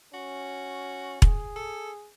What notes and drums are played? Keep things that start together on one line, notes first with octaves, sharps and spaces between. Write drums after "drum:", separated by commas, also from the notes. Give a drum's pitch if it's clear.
C#4 F#4
G#4, drum: kick E1
A4